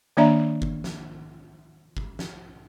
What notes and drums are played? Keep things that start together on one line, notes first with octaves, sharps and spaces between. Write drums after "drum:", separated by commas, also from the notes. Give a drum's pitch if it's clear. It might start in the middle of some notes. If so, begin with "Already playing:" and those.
D#3 A#3 D4 D5 E5 A#5
drum: kick G1
drum: snare
drum: kick G1
drum: snare